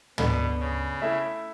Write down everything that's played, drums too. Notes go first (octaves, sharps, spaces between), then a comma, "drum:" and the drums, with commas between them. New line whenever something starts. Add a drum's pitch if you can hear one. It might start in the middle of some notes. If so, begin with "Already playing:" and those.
B2 B3 D4 A4, drum: tom
C#3
A3 E4 A4 E5